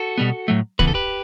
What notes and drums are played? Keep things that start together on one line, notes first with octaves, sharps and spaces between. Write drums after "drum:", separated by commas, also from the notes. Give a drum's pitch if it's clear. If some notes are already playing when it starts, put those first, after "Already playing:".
Already playing: F#4 A4
B2 G3 B3
A2 F#3 A3
C#3 E3 B3 B4, drum: kick
A4
G4 B4